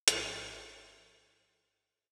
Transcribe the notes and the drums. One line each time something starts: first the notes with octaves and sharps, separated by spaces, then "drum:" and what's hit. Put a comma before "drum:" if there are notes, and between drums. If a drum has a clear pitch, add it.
G#1 G#2 F3 D#5 E6, drum: hi-hat